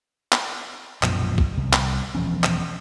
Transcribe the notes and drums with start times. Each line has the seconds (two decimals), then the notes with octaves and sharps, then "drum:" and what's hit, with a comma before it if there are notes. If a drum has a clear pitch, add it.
0.32 drum: clap
1.03 B1 F#2 A#2 F3, drum: clap
1.38 drum: kick A#1
1.57 C2
1.73 drum: clap
2.15 E1 F3 C#4
2.44 drum: clap